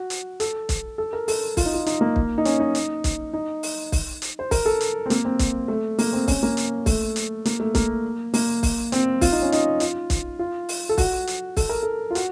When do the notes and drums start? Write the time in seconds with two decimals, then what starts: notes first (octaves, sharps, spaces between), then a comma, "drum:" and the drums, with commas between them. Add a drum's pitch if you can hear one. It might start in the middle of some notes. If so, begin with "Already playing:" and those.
Already playing: F#4
0.10 drum: hi-hat
0.40 A4, drum: hi-hat
0.69 drum: kick, hi-hat
0.98 A4
1.13 A#4
1.28 A4, drum: open hi-hat
1.57 F4, drum: kick, open hi-hat
1.66 D#4
1.74 F4
1.86 D#4, drum: hi-hat
2.01 A#3
2.16 drum: kick
2.38 D#4
2.45 C#4, drum: hi-hat
2.60 D#4
2.75 drum: hi-hat
3.04 drum: kick, hi-hat
3.33 D#4
3.63 drum: open hi-hat
3.92 drum: kick, open hi-hat
4.22 drum: hi-hat
4.39 C5
4.51 A#4, drum: kick, open hi-hat
4.66 A4
4.81 drum: hi-hat
5.06 C4
5.10 A#3, drum: hi-hat
5.25 C4
5.39 drum: kick, hi-hat
5.68 A3
5.99 A#3, drum: open hi-hat
6.13 C4
6.28 C#4, drum: kick, open hi-hat
6.43 A#3
6.57 drum: hi-hat
6.86 A3, drum: kick, open hi-hat
7.16 drum: hi-hat
7.45 A#3, drum: hi-hat
7.60 A3
7.75 A#3, drum: kick, hi-hat
8.34 A#3, drum: open hi-hat
8.63 drum: kick, open hi-hat
8.92 C4, drum: hi-hat
9.21 F4, drum: kick, open hi-hat
9.32 D#4
9.42 C#4
9.52 D#4, drum: hi-hat
9.80 F4, drum: hi-hat
10.10 drum: kick, hi-hat
10.39 F4
10.69 drum: open hi-hat
10.89 A4
10.98 F#4, drum: kick, open hi-hat
11.27 drum: hi-hat
11.57 A4, drum: kick, open hi-hat
11.69 A#4
11.83 A4
12.11 F4
12.15 F#4, drum: hi-hat